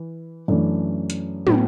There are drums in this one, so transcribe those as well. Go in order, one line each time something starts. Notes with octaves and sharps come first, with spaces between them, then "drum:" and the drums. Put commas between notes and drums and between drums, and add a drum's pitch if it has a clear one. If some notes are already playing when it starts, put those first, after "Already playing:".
Already playing: E3
F#2 E3 A3 D4
drum: hi-hat
A2 F#3 B3, drum: tom